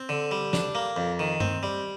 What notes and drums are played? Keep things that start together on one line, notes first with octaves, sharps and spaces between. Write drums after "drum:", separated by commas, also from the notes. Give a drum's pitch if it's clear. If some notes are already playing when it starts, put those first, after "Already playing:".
Already playing: C4
D3
G3
D4, drum: snare
A#3
F2
D#3
C4, drum: tom G2
G3